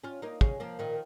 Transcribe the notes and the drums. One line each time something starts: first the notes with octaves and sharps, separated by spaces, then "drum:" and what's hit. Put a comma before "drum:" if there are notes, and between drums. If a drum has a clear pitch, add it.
C#4 F4
A#3 D#4
G#3 C#4, drum: kick
F3 A#3
A#2 D#3